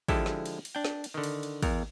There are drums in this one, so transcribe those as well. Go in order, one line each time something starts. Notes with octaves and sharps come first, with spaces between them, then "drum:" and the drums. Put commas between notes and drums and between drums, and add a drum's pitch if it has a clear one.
D3 F3 G#3 E4 G4 A4, drum: kick, cymbal
drum: snare
drum: cymbal
drum: cymbal
D4 G5
drum: snare
drum: cymbal
D3 D#3
drum: cymbal
drum: cymbal
E2 A#4, drum: kick, cymbal